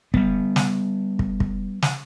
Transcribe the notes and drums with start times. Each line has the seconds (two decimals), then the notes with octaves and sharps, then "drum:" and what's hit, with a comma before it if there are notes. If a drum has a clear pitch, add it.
0.14 G3 B3, drum: kick
0.56 drum: snare
1.19 drum: kick
1.40 drum: kick
1.82 drum: snare